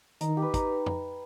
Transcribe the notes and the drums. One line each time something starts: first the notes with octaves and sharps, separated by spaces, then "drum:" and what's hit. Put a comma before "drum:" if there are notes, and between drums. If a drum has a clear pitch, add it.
D#3 D#4, drum: hi-hat
G4
B4
D#4, drum: kick, hi-hat
drum: tom